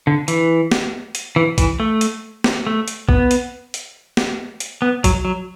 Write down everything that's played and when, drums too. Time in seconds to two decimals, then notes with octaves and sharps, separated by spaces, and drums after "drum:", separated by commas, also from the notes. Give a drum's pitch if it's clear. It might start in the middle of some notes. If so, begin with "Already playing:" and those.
0.07 D3
0.28 E3, drum: hi-hat
0.72 drum: snare
1.15 drum: hi-hat
1.36 E3
1.58 E3, drum: kick, hi-hat
1.80 A3
2.01 drum: hi-hat
2.44 drum: snare
2.67 A3
2.88 drum: hi-hat
3.09 B3, drum: kick
3.31 drum: hi-hat
3.74 drum: hi-hat
4.17 drum: snare
4.60 drum: hi-hat
4.82 B3
5.04 F#3, drum: kick, hi-hat
5.25 F#3